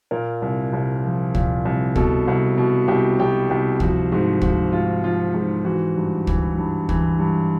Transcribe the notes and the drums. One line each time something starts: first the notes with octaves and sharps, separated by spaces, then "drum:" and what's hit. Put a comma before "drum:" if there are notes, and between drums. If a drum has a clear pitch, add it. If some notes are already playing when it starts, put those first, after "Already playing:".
A#2 A#4
C2
C2
F3
A#2, drum: kick
C2
B2 A4, drum: kick
C2
B2
C2 G4
B2 G4
C2 G4
F3 F#4, drum: kick
G#2 F#4
F3 F#4, drum: kick
G#2 F4
F3 F4
G#2 F4
E3 F#4
G2
E3, drum: kick
G2
E3, drum: kick
G2